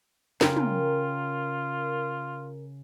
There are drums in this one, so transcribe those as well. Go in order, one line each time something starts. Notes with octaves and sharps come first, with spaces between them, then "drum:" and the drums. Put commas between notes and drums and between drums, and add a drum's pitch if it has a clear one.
C#3 F4 A#4 G5, drum: snare
drum: tom